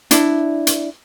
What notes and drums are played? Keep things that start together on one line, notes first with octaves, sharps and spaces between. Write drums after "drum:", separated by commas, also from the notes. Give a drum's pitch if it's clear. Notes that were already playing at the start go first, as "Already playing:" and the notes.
D4 E4, drum: hi-hat
drum: hi-hat